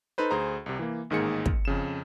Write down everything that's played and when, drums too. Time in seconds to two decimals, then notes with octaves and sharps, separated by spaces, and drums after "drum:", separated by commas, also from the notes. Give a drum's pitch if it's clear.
0.18 D#4 A4 B4 C5
0.31 D2 G#4 C5 A#5
0.66 C2 C3
0.79 E3 A#3
1.10 A1 G#2 D#3 A#3 G#4 C#7
1.46 drum: kick
1.65 F2 C#3 E7